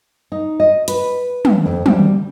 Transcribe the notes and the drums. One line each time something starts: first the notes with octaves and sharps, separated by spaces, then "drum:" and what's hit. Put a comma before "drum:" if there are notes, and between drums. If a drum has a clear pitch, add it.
D#4
D#5
B4, drum: hi-hat
drum: tom
F2
G3, drum: tom